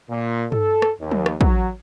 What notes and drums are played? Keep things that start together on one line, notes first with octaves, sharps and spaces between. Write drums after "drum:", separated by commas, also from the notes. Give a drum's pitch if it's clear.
A#2
A4, drum: tom G2
drum: rim click
D#2
drum: tom F3
drum: rim click
F#3, drum: kick